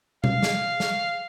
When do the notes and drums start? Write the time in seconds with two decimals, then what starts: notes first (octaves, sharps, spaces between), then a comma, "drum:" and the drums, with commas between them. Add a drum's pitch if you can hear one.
0.24 F5, drum: tom B2
0.42 drum: snare
0.80 drum: snare